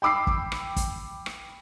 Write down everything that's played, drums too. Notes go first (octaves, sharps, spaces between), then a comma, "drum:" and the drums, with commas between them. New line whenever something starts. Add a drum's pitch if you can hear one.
G5 B5 D6 E6 C7
drum: kick
drum: rim click
drum: kick, hi-hat
drum: rim click